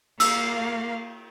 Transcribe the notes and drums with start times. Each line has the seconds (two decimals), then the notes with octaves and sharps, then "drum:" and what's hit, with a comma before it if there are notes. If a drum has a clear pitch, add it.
0.20 A#3 F5 E6, drum: cymbal